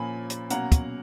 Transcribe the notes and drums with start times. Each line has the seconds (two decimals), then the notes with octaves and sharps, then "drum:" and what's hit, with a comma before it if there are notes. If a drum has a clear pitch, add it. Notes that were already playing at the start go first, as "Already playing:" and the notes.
Already playing: A#2 F3 A#3 C#4 G#5 B5
0.30 drum: hi-hat
0.50 B2 F#3 A#3 C#4 F#5 A#5, drum: hi-hat
0.72 drum: kick, hi-hat